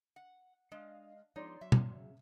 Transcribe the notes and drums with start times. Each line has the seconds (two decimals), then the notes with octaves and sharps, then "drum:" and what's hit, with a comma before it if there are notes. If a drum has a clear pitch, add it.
0.16 F#5
0.72 G#3 D4 D#5 F5
1.36 F3 G#3 B3 D#4 C#5 D5 C6
1.61 F#3 E5
1.72 drum: tom B2
1.97 C#3